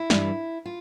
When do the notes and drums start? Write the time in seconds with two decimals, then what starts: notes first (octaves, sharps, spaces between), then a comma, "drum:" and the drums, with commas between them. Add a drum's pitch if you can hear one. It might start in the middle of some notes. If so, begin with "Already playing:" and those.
Already playing: E4
0.10 G2 E3 G3, drum: snare
0.65 F4